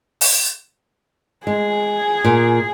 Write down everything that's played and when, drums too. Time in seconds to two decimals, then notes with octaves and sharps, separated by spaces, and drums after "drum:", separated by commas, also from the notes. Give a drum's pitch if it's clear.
0.21 drum: open hi-hat
1.47 G#3 G#4
2.25 A#2